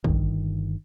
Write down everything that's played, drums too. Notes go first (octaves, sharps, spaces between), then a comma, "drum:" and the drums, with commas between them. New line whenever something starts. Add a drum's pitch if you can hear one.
G1 D#3, drum: kick